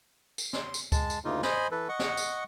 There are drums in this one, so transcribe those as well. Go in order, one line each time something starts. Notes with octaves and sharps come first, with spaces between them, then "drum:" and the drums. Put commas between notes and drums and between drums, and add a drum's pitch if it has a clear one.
drum: tambourine
C6, drum: snare
drum: tambourine
G#3 A5, drum: kick D2, tambourine
drum: tambourine
D2 C#3 A#3 D#4 F4
C5 D#5 G#5 B5, drum: snare
E3 A4 B4
D#5 F#5 C#6
drum: snare
drum: tambourine